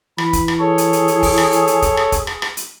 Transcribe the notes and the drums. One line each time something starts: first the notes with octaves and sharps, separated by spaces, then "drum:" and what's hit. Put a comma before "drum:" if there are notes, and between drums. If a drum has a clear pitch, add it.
E3 B5, drum: rim click
drum: kick, hi-hat
drum: rim click
G#4 A4 C#5
drum: hi-hat
drum: hi-hat
drum: hi-hat
drum: kick, open hi-hat
drum: rim click
drum: hi-hat
drum: hi-hat
drum: kick, hi-hat
drum: rim click
drum: kick, hi-hat
drum: rim click
drum: rim click
drum: hi-hat